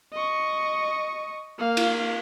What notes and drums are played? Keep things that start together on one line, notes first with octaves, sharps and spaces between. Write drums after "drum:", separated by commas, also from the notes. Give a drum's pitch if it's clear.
D#5 C#6
A#3 F5
drum: cymbal